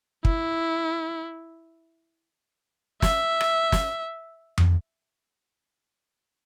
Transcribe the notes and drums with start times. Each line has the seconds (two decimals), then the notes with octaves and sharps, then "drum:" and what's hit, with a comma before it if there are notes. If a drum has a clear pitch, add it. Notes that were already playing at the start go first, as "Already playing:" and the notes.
0.25 E4, drum: kick
3.02 E5, drum: snare
3.41 drum: rim click
3.72 drum: snare
4.58 drum: tom F2